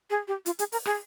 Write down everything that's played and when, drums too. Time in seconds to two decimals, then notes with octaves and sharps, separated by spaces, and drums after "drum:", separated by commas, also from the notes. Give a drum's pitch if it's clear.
0.10 G#4
0.28 G4
0.46 F4, drum: hi-hat
0.59 G#4, drum: hi-hat
0.72 A#4, drum: open hi-hat
0.86 G#4, drum: rim click